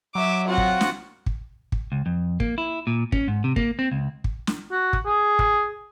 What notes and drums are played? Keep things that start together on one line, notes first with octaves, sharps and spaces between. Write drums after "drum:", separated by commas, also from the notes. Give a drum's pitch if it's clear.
F#3 E5 D6
C4 F4 F#4 F#5
drum: kick
drum: snare
drum: kick
drum: kick
C#2
F2
A#3, drum: kick
E4
A#2
C#4, drum: kick
G#2
C3
A#3, drum: kick
C4
C#2
drum: kick
drum: snare
F#4
drum: kick
G#4
drum: kick